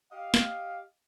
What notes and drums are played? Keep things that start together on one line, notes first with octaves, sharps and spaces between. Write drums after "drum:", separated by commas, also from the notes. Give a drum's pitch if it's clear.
G4 D#5 F5
drum: snare